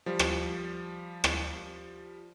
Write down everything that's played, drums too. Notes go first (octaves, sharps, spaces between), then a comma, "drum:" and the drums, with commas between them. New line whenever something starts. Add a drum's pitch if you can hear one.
F3 G3
drum: rim click
drum: rim click